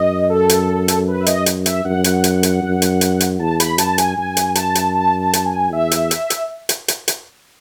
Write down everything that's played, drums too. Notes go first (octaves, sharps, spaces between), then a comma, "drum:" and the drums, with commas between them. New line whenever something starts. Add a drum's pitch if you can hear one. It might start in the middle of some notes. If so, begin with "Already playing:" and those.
Already playing: F#2 D#5
A4
drum: hi-hat
drum: hi-hat
B4
E5
D#5, drum: hi-hat
drum: hi-hat
E5, drum: hi-hat
F#2 F#5
drum: hi-hat
drum: hi-hat
drum: hi-hat
F#2
drum: hi-hat
drum: hi-hat
drum: hi-hat
E2 A5
B5, drum: hi-hat
F#2 A5, drum: hi-hat
G#5, drum: hi-hat
F#2 G#5
drum: hi-hat
A5, drum: hi-hat
drum: hi-hat
A5
A5
drum: hi-hat
G#5
E2 E5
drum: hi-hat
drum: hi-hat
drum: hi-hat
drum: hi-hat
drum: hi-hat
drum: hi-hat